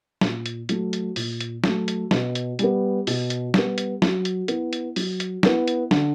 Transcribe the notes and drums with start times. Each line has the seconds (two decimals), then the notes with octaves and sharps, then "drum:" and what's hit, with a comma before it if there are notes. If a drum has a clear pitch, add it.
0.21 A#2, drum: snare
0.46 drum: hi-hat
0.69 F#3 A3, drum: hi-hat
0.93 drum: hi-hat
1.16 A#2, drum: open hi-hat
1.40 drum: hi-hat
1.64 F#3 A3, drum: snare
1.88 drum: hi-hat
2.11 B2, drum: snare
2.35 drum: hi-hat
2.59 G3 B3, drum: hi-hat
3.07 B2, drum: open hi-hat
3.30 drum: hi-hat
3.54 G3 B3, drum: snare
3.78 drum: hi-hat
4.02 F#3, drum: snare
4.25 drum: hi-hat
4.48 B3 E4, drum: hi-hat
4.73 drum: hi-hat
4.96 F#3, drum: open hi-hat
5.20 drum: hi-hat
5.43 B3 E4, drum: snare
5.68 drum: hi-hat
5.91 D3, drum: snare